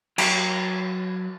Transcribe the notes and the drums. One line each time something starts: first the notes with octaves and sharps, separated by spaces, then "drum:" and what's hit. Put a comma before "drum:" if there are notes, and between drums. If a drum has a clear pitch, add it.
F#3 G5 A#5, drum: cymbal